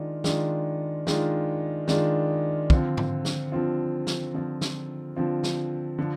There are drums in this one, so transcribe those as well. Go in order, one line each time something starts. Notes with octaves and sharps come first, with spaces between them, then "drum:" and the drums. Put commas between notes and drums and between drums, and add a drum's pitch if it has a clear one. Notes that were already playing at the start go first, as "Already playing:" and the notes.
Already playing: D#3 G#3 D4 F4
D#3 G#3 D4 F4, drum: snare
D#3 G#3 D4 F4, drum: snare
D#3 G#3 D4 F4, drum: snare
D3 F3 C4 F4, drum: kick
drum: tom G#2
drum: snare
D3 F3 C4 F4
drum: snare
D3 F3 C4 F4
drum: snare
D3 F3 C4 F4
drum: snare
D3 F3